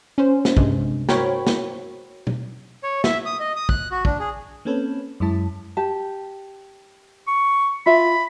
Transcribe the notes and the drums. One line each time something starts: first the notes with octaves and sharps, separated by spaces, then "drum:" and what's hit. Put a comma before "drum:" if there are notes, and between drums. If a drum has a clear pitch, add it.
C#4 C5
drum: snare
G2 C3 G#3, drum: kick
F#4 A#4 C5 C#5 G5 B5, drum: snare
drum: snare
drum: tom
C#5
E5, drum: snare
D#6
D#5
D#6
F#6, drum: kick
F#4
D4, drum: kick
G#4
A#3 C4 C#4 A4 B4 C#5
F#2 G#3 E4 A5
G4 A5
C#6
F4 E5 B5